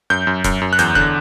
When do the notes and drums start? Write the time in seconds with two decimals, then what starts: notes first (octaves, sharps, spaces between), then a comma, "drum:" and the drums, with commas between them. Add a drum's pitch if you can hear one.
0.10 F#2 G6
0.27 F#2
0.44 F#2, drum: kick E1, hi-hat
0.61 F#2
0.73 F#6
0.79 E2 G6, drum: hi-hat
0.95 D3 F#6, drum: kick E1